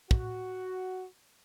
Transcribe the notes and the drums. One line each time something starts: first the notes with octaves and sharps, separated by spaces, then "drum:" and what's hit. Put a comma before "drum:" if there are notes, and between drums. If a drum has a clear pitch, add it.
F#4, drum: kick